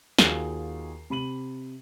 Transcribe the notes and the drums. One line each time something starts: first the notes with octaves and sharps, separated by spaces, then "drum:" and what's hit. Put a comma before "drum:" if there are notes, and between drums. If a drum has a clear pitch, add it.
D#2 F4 F#4 G#4 G#5 C7, drum: snare
C3 B5 D#7 F#7